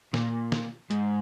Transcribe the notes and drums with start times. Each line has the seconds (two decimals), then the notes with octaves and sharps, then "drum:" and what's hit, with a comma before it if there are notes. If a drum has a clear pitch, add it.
0.14 A#2, drum: snare
0.52 drum: snare
0.91 G#2, drum: hi-hat